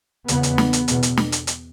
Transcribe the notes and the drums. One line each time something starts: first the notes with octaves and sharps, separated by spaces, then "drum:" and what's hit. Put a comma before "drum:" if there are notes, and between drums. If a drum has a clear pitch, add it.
E2 C#3 B3, drum: hi-hat
drum: hi-hat
drum: snare
drum: hi-hat
E2 B2, drum: hi-hat
drum: hi-hat
drum: snare
drum: hi-hat
drum: hi-hat